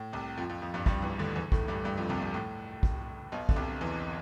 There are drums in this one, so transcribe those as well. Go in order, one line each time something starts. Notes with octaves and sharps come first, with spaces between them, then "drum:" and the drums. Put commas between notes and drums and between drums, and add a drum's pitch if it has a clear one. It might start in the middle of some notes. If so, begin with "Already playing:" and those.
Already playing: A2
C2 C3
F2 F3
F2 F3
F2 F3
G2 G3
G2 G3, drum: kick
E2 E3
D2 D3
E2 E3
A2 A3, drum: kick
G2 G3
G2 G3
F2 F3
C2 C3
C2 C3
A2
drum: kick
B1 B2
D3, drum: kick
C2 C3
E2 E3